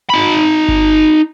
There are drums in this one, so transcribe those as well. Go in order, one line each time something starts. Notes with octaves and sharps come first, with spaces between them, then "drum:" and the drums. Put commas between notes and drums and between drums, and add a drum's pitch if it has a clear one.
D#4 B5
drum: kick G1